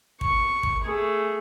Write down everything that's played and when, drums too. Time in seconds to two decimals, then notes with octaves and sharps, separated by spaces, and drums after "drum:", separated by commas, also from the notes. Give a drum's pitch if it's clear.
0.21 C#6, drum: kick
0.63 drum: kick
0.85 A3 G#4